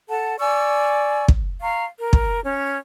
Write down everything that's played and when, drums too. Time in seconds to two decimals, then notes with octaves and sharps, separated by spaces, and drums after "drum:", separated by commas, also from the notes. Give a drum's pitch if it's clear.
0.09 A4 F#5 A5
0.40 D5 G#5 C#6 E6
1.28 drum: kick
1.62 F5 A#5 C#6
1.99 A#4
2.13 drum: kick
2.45 C#4